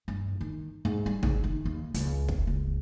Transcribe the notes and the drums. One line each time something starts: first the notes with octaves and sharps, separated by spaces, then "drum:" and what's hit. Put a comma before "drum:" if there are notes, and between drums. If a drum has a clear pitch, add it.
G2
D#3
G#2
G3
G#2, drum: tom
D#3
D#2
C#2, drum: hi-hat
drum: kick
C#2